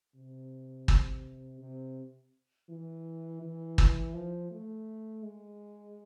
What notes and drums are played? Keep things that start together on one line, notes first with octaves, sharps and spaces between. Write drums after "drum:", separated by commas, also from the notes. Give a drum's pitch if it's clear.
C3
drum: kick
C3
E3
E3
drum: kick
F3
A3
G#3